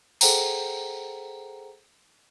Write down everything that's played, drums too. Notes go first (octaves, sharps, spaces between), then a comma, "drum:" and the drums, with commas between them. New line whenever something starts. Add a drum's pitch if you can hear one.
G#4 A4 C5 F#5 G5 A#5, drum: tambourine